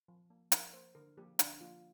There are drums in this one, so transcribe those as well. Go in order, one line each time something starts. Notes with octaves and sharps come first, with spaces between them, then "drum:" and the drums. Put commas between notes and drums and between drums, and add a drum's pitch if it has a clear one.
F3
A#3
F3 A#4, drum: hi-hat
A#3 C5
D3 A#4
F3 A#3 G4
D3 D4, drum: hi-hat
F3 A#3 F4